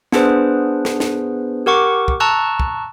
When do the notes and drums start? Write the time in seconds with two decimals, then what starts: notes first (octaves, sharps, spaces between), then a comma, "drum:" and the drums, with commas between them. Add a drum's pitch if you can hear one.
0.12 B3 D4 G#4 B4 C5, drum: snare
0.85 drum: snare
1.00 drum: snare
1.66 G4 A#4 F#5 C#6 D6
2.08 drum: kick
2.20 A5 A#5 C#6 E6 F#6
2.60 drum: kick